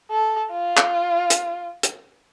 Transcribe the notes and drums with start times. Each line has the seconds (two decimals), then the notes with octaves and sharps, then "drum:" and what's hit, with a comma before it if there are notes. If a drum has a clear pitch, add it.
0.11 A4
0.51 F4
0.77 drum: clap
1.30 drum: hi-hat
1.83 drum: hi-hat